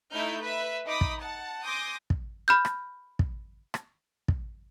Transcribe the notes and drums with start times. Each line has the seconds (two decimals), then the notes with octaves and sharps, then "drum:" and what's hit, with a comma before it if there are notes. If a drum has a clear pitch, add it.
0.11 A3 D#4 E4 F6 G6
0.41 B4 E5
0.86 D#4 B5 D6 D#6
1.01 drum: kick
1.19 F#5 A5
1.65 G#5 C6 D6 D#6 G6 A#6
2.10 drum: kick
2.48 B5 F6 G6
2.65 drum: rim click
3.19 drum: kick
3.74 drum: rim click
4.28 drum: kick